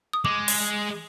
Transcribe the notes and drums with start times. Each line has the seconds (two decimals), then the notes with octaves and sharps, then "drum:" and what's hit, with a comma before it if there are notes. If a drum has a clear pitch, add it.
0.13 D#6
0.25 G#3 D6
0.48 drum: open hi-hat